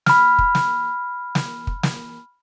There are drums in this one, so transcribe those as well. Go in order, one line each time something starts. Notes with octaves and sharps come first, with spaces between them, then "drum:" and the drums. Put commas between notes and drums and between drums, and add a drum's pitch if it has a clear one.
B5 F6, drum: snare
drum: kick
drum: snare
drum: snare
drum: kick
drum: snare